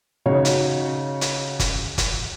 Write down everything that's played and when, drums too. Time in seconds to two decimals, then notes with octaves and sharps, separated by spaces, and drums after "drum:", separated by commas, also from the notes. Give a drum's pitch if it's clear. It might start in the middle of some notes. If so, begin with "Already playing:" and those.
0.26 C#3 D#4 F#4 C#5
0.45 drum: hi-hat
1.21 drum: hi-hat
1.59 drum: kick, hi-hat
1.98 drum: kick, hi-hat